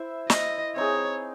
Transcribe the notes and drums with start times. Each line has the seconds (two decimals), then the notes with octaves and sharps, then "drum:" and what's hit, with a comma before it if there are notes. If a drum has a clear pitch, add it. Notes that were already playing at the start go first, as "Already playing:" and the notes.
Already playing: E4 C5 E5
0.30 D#5, drum: snare
0.76 C4 D#4 G#4 C#5